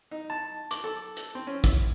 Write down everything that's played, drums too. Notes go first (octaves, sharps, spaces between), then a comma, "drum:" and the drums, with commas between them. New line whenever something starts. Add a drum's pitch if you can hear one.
D#4
A5
D6, drum: hi-hat
A4
drum: hi-hat
C4
C#4
E4, drum: kick, hi-hat